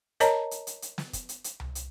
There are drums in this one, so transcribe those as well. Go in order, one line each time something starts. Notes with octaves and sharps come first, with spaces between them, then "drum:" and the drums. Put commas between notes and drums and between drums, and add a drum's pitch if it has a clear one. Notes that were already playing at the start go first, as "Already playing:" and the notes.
A#4 C#5 D#5 A5 A#5, drum: hi-hat
drum: hi-hat
drum: hi-hat
drum: hi-hat
drum: snare
drum: kick, hi-hat
drum: hi-hat
drum: hi-hat
drum: tom C2
drum: hi-hat